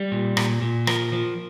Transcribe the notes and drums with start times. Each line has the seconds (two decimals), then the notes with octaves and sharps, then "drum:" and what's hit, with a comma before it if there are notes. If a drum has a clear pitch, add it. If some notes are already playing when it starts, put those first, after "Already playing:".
Already playing: G3 G4
0.12 A#2
0.37 A#2, drum: rim click
0.62 A#2
0.87 F3 A#4, drum: rim click
1.12 F3